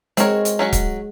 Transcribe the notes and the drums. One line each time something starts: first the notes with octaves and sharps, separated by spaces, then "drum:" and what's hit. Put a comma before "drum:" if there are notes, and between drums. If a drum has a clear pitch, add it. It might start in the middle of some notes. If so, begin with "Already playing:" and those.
G#3 C4 F#4 A#4 C#5, drum: hi-hat
drum: hi-hat
F#3 C#4 F#4
drum: kick C#1, hi-hat